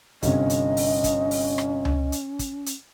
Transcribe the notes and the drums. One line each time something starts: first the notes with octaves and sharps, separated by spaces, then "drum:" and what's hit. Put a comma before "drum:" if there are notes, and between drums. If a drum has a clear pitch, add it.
G1 C3 C#4 D#5, drum: kick, hi-hat
drum: hi-hat
drum: open hi-hat
drum: kick, hi-hat
drum: open hi-hat
drum: rim click
drum: tom C#2
drum: hi-hat
drum: kick, hi-hat
drum: hi-hat